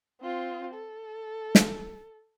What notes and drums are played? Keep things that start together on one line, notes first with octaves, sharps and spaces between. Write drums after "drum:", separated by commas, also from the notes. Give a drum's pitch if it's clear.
C4 F4
A4
drum: snare